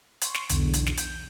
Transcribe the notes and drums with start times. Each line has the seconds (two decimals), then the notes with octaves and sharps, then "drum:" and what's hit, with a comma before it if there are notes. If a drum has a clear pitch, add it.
0.21 C6 C#6, drum: hi-hat
0.34 drum: snare
0.49 B1 E2 D3, drum: hi-hat
0.73 drum: hi-hat
0.86 drum: snare
0.97 G6, drum: hi-hat